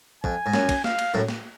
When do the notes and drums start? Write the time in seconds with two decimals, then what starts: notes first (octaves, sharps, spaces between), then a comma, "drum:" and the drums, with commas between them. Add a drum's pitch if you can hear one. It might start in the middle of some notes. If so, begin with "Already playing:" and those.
0.24 F2 G#5, drum: kick
0.46 G#2
0.53 F#2, drum: snare
0.69 drum: kick, cymbal
0.84 F5, drum: snare
0.99 drum: cymbal
1.14 F#2 A2
1.28 drum: snare